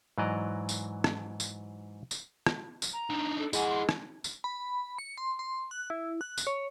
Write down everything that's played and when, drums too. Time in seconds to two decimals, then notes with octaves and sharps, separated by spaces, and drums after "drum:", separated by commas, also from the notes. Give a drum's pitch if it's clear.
0.18 G#2 E3 F#3 D5 D#5 A#5
0.69 drum: tambourine
1.04 drum: rim click
1.40 drum: tambourine
2.11 drum: tambourine
2.46 drum: rim click
2.82 drum: tambourine
2.93 A#5
3.10 D4 D#4
3.39 A4
3.53 G#3 E4 F#5 G#5, drum: tambourine
3.70 C6
3.89 drum: rim click
4.24 drum: tambourine
4.44 B5
4.98 C#7
5.18 C6
5.39 C6
5.71 F#6
5.90 E4
6.21 F#6
6.38 drum: tambourine
6.47 C#5